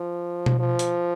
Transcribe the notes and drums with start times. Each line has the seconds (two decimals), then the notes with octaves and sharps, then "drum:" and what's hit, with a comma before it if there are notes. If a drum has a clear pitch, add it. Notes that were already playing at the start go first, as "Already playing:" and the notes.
Already playing: F3
0.46 drum: tom B2
0.59 F3
0.79 drum: hi-hat